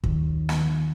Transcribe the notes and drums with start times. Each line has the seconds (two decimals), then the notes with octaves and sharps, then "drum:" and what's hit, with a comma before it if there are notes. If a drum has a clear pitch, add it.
0.04 D#2 D#3, drum: kick
0.49 drum: snare